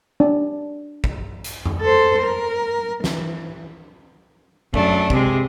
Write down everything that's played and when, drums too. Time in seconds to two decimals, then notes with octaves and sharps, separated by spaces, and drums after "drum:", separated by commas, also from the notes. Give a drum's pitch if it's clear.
0.20 D4
1.04 drum: kick
1.44 drum: hi-hat
1.65 drum: tom F2
1.81 A4 C5
2.22 A#4
3.04 E3, drum: snare
4.74 F#2 A3 D4, drum: kick
5.10 C3 G#3, drum: kick